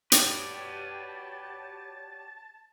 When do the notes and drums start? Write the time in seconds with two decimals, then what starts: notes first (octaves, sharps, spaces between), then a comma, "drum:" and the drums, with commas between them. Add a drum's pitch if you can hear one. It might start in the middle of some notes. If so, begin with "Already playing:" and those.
0.12 F#4 G4 B4 C#5 D5 A5, drum: hi-hat